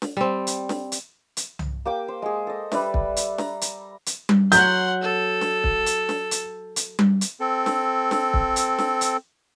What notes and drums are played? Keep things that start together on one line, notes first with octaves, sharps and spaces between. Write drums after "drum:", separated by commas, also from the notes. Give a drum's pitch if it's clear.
drum: snare
G3 C4
drum: hi-hat
drum: snare
drum: hi-hat
drum: hi-hat
drum: tom C2
A#3 G4 G5 D6
C5
G#3 G#4
A4 D#5
G3 B4 D5 E5, drum: snare
drum: kick
drum: hi-hat
A#5, drum: snare
drum: hi-hat
drum: hi-hat
drum: tom G3
F#3 F#5 C6 G6, drum: hi-hat
A4
drum: snare
drum: kick
drum: hi-hat
drum: snare
drum: hi-hat
drum: hi-hat
drum: tom G3
drum: hi-hat
C4 A4
drum: snare
drum: snare
drum: kick
drum: hi-hat
drum: snare
drum: hi-hat